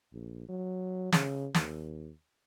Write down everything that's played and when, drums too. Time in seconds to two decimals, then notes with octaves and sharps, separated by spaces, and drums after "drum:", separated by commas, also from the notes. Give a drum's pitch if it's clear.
0.13 A#1
0.49 F#3
1.12 C#3, drum: snare
1.54 D#2, drum: snare